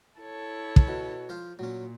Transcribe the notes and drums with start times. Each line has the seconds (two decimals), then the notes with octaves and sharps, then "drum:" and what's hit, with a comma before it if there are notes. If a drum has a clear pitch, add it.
0.19 E4 A4 C#5
0.76 drum: kick
0.88 B2
1.29 F3 C5 F5
1.59 A#2 F#3 C#4